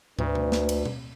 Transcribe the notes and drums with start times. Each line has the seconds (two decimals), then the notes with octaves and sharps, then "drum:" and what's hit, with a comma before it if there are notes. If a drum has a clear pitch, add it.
0.19 D2 D4 B4, drum: tom
0.35 drum: tom B2
0.52 drum: snare
0.69 drum: cymbal
0.85 drum: tom B2